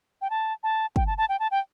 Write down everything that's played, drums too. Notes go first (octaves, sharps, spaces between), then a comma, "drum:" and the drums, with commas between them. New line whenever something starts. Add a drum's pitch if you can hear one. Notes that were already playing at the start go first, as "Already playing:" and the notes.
G5
A5
A5
G5, drum: kick
A5
A5
G5
A5
G5